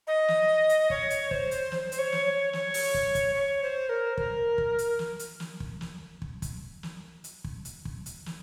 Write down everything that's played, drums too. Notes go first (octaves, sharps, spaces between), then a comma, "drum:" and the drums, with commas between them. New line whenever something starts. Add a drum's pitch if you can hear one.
D#5
drum: snare
drum: hi-hat
C#5, drum: kick
drum: hi-hat
C5, drum: kick
drum: hi-hat
drum: snare
C5, drum: hi-hat
C#5
drum: snare
C#5
C#5, drum: snare
drum: open hi-hat
drum: kick
drum: kick, hi-hat
C#5
C5
A#4
A#4, drum: kick
drum: kick
drum: hi-hat
drum: snare
drum: hi-hat
drum: snare
drum: kick
drum: snare
drum: kick
drum: kick, hi-hat
drum: snare
drum: hi-hat
drum: kick
drum: hi-hat
drum: kick
drum: hi-hat
drum: snare